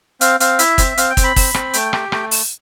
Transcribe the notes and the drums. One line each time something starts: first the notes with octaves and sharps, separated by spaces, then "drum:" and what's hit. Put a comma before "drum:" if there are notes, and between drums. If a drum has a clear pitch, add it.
C4 F5, drum: hi-hat
C4 F5, drum: hi-hat
E4 E5, drum: hi-hat
C4, drum: kick, hi-hat
C4 F5, drum: hi-hat
G5
C4, drum: kick, hi-hat
B5
C4, drum: kick, open hi-hat
C4, drum: rim click
A3 G5, drum: hi-hat
G4, drum: rim click
A3 G5, drum: rim click
drum: open hi-hat